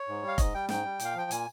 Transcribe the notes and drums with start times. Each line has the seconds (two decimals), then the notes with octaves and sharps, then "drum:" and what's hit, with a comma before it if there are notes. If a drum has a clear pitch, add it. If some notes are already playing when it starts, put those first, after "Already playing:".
Already playing: C#5
0.08 G#2
0.22 G3
0.28 F5
0.38 G#2 D#5, drum: kick F1, hi-hat
0.54 G3 G5
0.69 G#2 G5, drum: snare
0.84 G3
1.00 A#2, drum: hi-hat
1.05 F5
1.15 F3 G5
1.31 A#2 G#5, drum: hi-hat